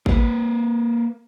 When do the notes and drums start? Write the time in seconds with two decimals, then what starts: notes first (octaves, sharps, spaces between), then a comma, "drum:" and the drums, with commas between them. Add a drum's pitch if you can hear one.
0.06 A#3 B4, drum: kick G#1